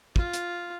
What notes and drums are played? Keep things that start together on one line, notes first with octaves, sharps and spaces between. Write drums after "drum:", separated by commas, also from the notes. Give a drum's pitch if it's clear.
F4, drum: kick
drum: hi-hat